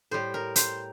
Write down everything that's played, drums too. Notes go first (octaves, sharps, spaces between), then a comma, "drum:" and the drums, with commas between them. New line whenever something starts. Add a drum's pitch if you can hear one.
A2 G3 C5
A#4
C5, drum: hi-hat